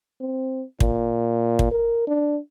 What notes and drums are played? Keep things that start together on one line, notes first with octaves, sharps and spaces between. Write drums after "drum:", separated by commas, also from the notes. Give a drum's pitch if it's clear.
C4
A#2, drum: kick
drum: kick
A#4
D4